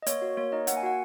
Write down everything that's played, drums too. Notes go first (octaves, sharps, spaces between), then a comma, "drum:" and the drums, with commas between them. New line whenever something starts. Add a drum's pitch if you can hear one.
D#5
A#3 C#5, drum: hi-hat
F#4
A#3 C#5
D#4 D#5
A#3 F#5, drum: hi-hat
G#5
F#4 F#5